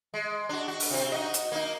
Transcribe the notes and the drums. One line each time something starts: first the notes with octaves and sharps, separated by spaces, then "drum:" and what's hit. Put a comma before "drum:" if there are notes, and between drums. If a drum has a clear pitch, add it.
G#3
D4 F#4
F#4
drum: open hi-hat
C3 C4
D#4 F#4 D#5
drum: hi-hat
A#3 D#4